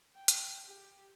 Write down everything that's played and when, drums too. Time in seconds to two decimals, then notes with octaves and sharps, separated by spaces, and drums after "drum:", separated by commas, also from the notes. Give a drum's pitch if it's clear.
0.16 G5
0.28 drum: hi-hat
0.66 G4